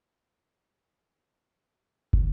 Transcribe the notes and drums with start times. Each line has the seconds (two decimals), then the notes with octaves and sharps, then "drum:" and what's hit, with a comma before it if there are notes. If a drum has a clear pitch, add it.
0.12 C#3
0.22 A2
0.26 B2
0.41 A2
0.56 C#3
0.70 E3
1.55 B3
1.72 B3
1.86 B3
2.13 B3, drum: kick